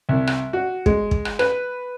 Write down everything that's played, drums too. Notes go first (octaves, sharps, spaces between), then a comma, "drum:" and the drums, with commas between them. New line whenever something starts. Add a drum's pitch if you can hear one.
C2
drum: rim click
F#4
G#3, drum: kick
drum: kick
drum: rim click
B4, drum: rim click